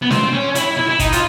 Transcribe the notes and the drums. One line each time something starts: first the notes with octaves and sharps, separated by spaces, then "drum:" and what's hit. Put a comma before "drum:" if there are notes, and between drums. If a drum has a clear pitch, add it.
B3
C4, drum: snare
C#4
E4, drum: hi-hat
E4
E4
D#4, drum: kick, hi-hat
F4, drum: hi-hat